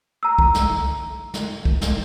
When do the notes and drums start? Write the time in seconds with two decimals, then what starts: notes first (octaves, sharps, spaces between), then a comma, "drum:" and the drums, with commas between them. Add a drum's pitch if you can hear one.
0.23 A#5 E6
0.39 drum: kick
0.54 drum: snare
1.34 drum: snare
1.65 drum: kick
1.81 drum: snare